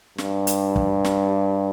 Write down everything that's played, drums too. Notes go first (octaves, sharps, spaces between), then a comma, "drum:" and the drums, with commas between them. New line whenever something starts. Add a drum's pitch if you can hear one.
G2, drum: snare
drum: hi-hat
drum: kick
drum: snare